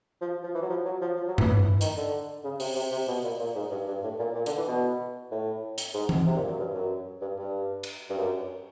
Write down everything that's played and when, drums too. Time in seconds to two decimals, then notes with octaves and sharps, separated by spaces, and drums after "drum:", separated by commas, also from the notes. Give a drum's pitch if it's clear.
0.21 F3
0.43 F3
0.54 E3
0.62 F#3
0.70 F3
0.85 F#3
1.02 F3
1.17 F3
1.28 F#3
1.38 E3, drum: tom
1.49 E3
1.81 D#3, drum: hi-hat
1.97 D3
2.44 C#3
2.60 C3, drum: open hi-hat
2.76 C3
2.92 C3
3.08 B2
3.23 A#2
3.40 A#2
3.55 G#2
3.71 G2
3.87 G2
4.04 A2
4.19 A#2
4.35 A#2
4.46 D3, drum: hi-hat
4.57 E3
4.67 B2
5.31 A2
5.78 drum: hi-hat
5.94 G#2
6.09 drum: tom E3
6.26 C3
6.36 A#2
6.47 F#2
6.59 G2
6.74 F#2
7.21 G2
7.38 G2
7.83 drum: cymbal
8.10 G2
8.17 F#2